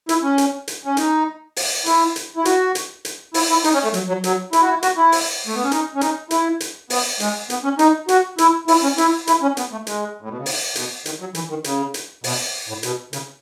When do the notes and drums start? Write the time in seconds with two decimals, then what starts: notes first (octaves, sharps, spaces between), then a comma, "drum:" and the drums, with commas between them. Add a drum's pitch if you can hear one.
0.09 E4, drum: hi-hat
0.23 C#4
0.38 drum: hi-hat
0.68 drum: hi-hat
0.85 C#4
0.97 D#4, drum: hi-hat
1.56 drum: open hi-hat
1.86 E4, drum: hi-hat
2.16 drum: hi-hat
2.37 E4
2.45 F#4, drum: hi-hat
2.75 drum: hi-hat
3.05 drum: hi-hat
3.34 E4, drum: open hi-hat
3.49 E4
3.64 D#4, drum: hi-hat
3.74 C#4
3.84 A3
3.94 F#3, drum: hi-hat
4.08 F#3
4.24 F#3, drum: hi-hat
4.53 E4, drum: hi-hat
4.62 F#4
4.70 E4
4.83 F#4, drum: hi-hat
4.97 E4
5.12 drum: open hi-hat
5.47 A3
5.55 B3
5.64 C#4
5.72 D#4, drum: hi-hat
5.95 C#4
6.01 D#4, drum: hi-hat
6.31 E4, drum: hi-hat
6.60 drum: hi-hat
6.90 B3, drum: open hi-hat
7.20 G#3, drum: hi-hat
7.50 B3, drum: hi-hat
7.64 C#4
7.79 D#4, drum: hi-hat
8.08 F#4, drum: hi-hat
8.38 E4, drum: hi-hat
8.68 E4, drum: open hi-hat
8.83 C#4
8.98 E4, drum: hi-hat
9.27 E4, drum: hi-hat
9.42 C#4
9.57 B3, drum: hi-hat
9.72 A3
9.87 G#3, drum: hi-hat
10.21 A2
10.30 B2
10.38 C#3
10.46 D#3, drum: open hi-hat
10.75 B2, drum: hi-hat
11.06 D#3, drum: hi-hat
11.20 F#3
11.35 E3, drum: hi-hat
11.50 D#3
11.64 C#3, drum: hi-hat
11.94 drum: hi-hat
12.24 B2, drum: open hi-hat
12.68 A2
12.83 B2, drum: hi-hat
13.13 C#3, drum: hi-hat